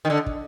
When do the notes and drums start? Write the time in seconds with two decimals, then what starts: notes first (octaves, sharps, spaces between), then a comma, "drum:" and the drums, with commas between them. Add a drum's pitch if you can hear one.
0.05 D#3
0.10 D3
0.26 drum: kick